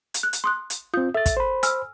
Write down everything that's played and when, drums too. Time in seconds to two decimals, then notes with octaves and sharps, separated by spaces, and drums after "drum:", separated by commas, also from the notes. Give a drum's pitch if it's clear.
0.14 drum: hi-hat
0.23 F#6
0.33 drum: hi-hat
0.44 C6 D#6 F#6
0.70 drum: hi-hat
0.94 C4 F4 D#6 G6
1.15 A4 E5 A6
1.26 drum: kick, hi-hat
1.37 C5 B5
1.63 G#5 E6 F6, drum: hi-hat